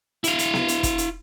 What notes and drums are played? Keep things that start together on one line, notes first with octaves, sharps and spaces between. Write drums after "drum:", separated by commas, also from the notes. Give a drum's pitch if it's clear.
E4 F5, drum: hi-hat
drum: hi-hat
drum: snare B3
drum: hi-hat
drum: kick, hi-hat
drum: hi-hat